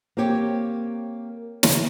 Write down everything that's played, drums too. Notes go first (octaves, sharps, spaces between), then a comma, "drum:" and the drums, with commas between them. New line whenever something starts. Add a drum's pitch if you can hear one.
A#3 C4 G4 C#5
drum: snare